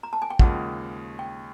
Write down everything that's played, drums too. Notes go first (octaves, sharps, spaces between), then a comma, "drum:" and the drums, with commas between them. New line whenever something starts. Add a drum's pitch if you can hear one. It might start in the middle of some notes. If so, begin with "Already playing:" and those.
A#5
A5
G#5
G5
D#2 C#3 F3 G#3 F#5, drum: kick
G5